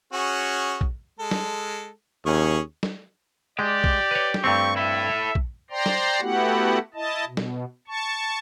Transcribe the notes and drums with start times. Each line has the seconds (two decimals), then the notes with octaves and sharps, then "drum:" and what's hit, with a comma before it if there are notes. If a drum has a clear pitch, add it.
0.13 C#4 F#4 G#4
0.81 drum: kick A#1
1.19 G#3 A4
1.31 drum: snare
2.26 D#2 C#4 G#4 C#6
2.83 drum: snare
3.59 G#3 G4 D5
3.84 drum: kick A#1
4.11 B4 C#5
4.34 drum: snare
4.44 G2 A3 C4 C#6
4.77 E4 A4 E5
5.35 drum: kick A#1
5.70 C5 D5 G5 A#5 C6
5.86 drum: snare
6.21 A3 B3 E4 F#4 G4 F#5
6.94 E4 D#5 A5
7.27 B2
7.37 drum: snare
7.88 A5 C#6